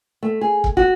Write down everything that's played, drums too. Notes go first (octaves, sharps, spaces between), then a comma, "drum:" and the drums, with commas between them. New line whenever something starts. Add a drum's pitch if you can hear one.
A3
G#4
drum: kick
F#4, drum: kick